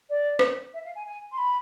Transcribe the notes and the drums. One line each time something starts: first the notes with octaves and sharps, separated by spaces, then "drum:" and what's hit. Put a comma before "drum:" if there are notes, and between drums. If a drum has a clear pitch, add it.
D5
drum: rim click
E5
F5
G#5
G#5
C6
B5